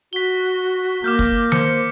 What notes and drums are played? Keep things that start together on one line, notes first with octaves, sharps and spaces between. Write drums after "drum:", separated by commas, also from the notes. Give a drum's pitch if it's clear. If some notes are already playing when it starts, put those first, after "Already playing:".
F#4 B6 G7
A#3 D6 F6 G6
drum: kick
C5 C#7, drum: tom D#3